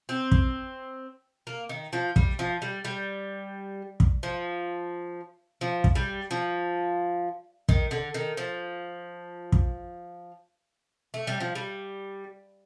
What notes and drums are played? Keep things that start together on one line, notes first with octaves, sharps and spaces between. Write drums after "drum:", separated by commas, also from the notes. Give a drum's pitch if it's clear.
C4
drum: kick
A#3
D#3
F3
G3, drum: kick
F3
G3
G3
drum: kick
F3
F3
drum: kick
G3
F3
D#3, drum: kick
D3
D#3
F3
drum: kick
A3
G3
F3
G3